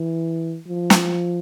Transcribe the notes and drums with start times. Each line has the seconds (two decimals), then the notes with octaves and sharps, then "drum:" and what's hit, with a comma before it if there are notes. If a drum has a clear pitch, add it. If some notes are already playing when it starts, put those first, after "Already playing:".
Already playing: E3
0.67 F3
0.90 drum: snare